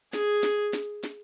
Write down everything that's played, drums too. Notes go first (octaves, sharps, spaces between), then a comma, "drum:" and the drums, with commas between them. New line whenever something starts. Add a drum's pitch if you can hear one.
G#4, drum: snare
drum: snare
drum: snare
drum: snare